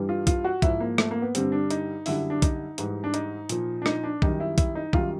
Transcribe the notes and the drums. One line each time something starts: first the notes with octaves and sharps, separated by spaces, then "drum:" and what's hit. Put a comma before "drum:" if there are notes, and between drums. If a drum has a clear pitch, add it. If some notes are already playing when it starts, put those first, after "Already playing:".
Already playing: G2 E3 G3
F4
F4, drum: kick B1, hi-hat
F#4
G#2 F3 E4, drum: kick B1, hi-hat
A#3
A3, drum: rim click
A#3
B3
G2 D3 G3 C4, drum: hi-hat
D4
D#4, drum: hi-hat
F#2 D3 G3 E4, drum: open hi-hat
D4
D#4, drum: kick B1, hi-hat
G#2 E3 G3, drum: hi-hat
D4
D#4, drum: hi-hat
A#2 F3, drum: hi-hat
D4
D#4, drum: rim click
D4
F#2 D#3 G3 D#4, drum: kick B1
E4
E4, drum: kick B1, hi-hat
D#4
F#2 D#3 G3 F4, drum: kick B1